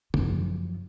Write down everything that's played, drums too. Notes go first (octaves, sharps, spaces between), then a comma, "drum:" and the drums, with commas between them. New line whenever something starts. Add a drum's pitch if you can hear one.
F#2 F3, drum: tom C#3